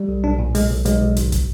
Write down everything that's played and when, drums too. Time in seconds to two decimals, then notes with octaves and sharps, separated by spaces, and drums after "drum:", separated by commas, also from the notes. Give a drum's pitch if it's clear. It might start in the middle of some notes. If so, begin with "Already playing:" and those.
Already playing: G3
0.09 B1
0.24 B1 D4
0.39 A#2
0.55 B1 G#3, drum: open hi-hat
0.70 B1
0.86 B1 G#3, drum: hi-hat
1.01 B1
1.17 G#1, drum: hi-hat
1.32 drum: kick, hi-hat